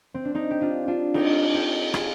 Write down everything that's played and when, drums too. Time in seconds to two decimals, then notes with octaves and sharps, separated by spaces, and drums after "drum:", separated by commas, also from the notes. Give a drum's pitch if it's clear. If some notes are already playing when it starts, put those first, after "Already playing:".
0.14 C4
0.25 D4
0.34 C4 D#4
0.51 G4
0.61 D4 F4
0.87 D4 F4
1.14 D#4 G4, drum: cymbal
1.54 D#4 G4
1.94 F4 G#4, drum: rim click